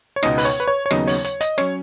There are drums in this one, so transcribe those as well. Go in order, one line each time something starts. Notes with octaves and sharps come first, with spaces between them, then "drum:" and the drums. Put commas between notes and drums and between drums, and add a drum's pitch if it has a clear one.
C#5
C#2 B2 B3 D#4 D#5, drum: rim click
B4, drum: open hi-hat
C#5
B4
C#5
C#5
D#2 C#3 F#3 B3 D#4 D#5, drum: rim click
C#5, drum: open hi-hat
C#5, drum: hi-hat
D#5, drum: hi-hat
F#3 C#4 C#5, drum: rim click